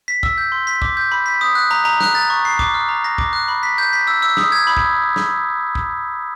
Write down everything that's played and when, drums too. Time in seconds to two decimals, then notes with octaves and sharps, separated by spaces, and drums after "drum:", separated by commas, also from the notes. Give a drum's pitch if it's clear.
0.08 B6
0.23 E6, drum: kick
0.38 G6
0.52 C6
0.67 B6
0.82 D6, drum: kick
0.97 G6
1.12 B5
1.26 B6
1.41 D#6
1.55 F#6
1.71 A#5
1.85 A#5
2.01 F#6, drum: snare
2.15 A6
2.30 C#6
2.45 C7
2.59 D6, drum: kick
2.74 F6
2.89 A#5
3.04 A#6
3.18 D6, drum: kick
3.33 F#6
3.48 B5
3.63 B6
3.78 G6
3.93 B6
4.07 E6
4.22 E6
4.37 D#6, drum: snare
4.52 G#6
4.67 B5
4.77 drum: kick
5.16 drum: snare
5.75 drum: kick